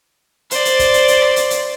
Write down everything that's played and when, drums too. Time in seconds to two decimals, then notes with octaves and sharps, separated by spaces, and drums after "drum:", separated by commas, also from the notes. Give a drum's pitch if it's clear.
0.51 C5 D5, drum: hi-hat
0.65 drum: hi-hat
0.79 drum: kick, hi-hat
0.93 drum: hi-hat
1.08 drum: hi-hat
1.22 drum: rim click
1.36 drum: hi-hat
1.50 drum: hi-hat